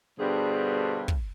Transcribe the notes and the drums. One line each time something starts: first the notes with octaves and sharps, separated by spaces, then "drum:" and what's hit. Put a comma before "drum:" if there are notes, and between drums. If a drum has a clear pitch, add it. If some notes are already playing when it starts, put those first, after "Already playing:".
G2 B2 D3 G3 G#4 C5
drum: kick